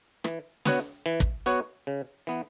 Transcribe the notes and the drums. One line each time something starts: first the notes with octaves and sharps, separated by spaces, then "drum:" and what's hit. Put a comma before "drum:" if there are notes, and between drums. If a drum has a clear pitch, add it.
E3, drum: rim click
B3 F#4 C#5, drum: snare
E3
drum: kick
B3 F#4 C#5
C#3
E3 B3